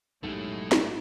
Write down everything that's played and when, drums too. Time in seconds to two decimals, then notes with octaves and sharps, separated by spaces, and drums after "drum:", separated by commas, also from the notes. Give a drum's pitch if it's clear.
0.23 B1 F#2 G#3 A3 D#4 E4 G4
0.72 drum: snare